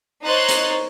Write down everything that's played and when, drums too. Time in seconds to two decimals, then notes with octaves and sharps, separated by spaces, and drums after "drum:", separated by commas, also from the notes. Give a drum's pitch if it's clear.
0.24 D#4 C5 C#5 C6 F#6 A6
0.49 drum: hi-hat